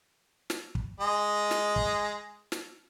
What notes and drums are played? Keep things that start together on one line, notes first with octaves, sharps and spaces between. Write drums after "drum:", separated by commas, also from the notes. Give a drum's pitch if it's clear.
drum: snare
drum: kick
G#3 D#5
drum: snare
drum: kick
drum: snare